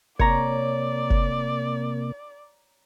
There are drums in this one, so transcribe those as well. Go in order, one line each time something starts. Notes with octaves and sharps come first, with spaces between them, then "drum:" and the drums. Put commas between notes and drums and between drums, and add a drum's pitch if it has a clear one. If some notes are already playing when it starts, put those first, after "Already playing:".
C3 A#3 C#5 D5 A#5, drum: kick
drum: kick